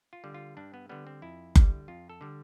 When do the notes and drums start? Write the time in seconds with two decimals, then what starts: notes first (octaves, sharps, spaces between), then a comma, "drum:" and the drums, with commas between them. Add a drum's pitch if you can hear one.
0.13 F4
0.24 D3 G3
0.34 F4
0.57 G2 D4
0.74 B3
0.89 D3 G3 B3
1.07 C4
1.22 F2 E4
1.55 D3 G3, drum: kick F#1
1.88 F2 F4
2.09 A4
2.21 D3 G3